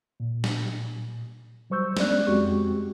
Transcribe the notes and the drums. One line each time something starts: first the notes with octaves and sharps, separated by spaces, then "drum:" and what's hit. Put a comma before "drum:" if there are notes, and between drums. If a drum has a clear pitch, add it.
A#2
drum: snare
F#3 G3 C5 C#6 E6 G6
G#3 B3 C#4 D5 F#6, drum: snare
F2 G#3 C4 F#4 G4 C#6